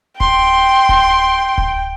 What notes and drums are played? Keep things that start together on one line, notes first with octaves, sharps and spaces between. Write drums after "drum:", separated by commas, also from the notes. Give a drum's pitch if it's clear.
G5 C6, drum: kick D1
drum: kick D1
drum: kick D1